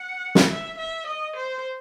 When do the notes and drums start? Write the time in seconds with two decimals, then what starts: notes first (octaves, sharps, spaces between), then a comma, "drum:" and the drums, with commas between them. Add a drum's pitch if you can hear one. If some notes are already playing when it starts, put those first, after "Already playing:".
Already playing: F#5
0.35 drum: snare
0.50 E5
0.78 E5
1.06 D#5
1.36 C5